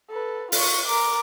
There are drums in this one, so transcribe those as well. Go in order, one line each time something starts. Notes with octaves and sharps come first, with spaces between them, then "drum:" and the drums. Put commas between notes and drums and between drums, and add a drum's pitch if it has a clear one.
A4 B4
F4 C#6, drum: open hi-hat
A#4 D6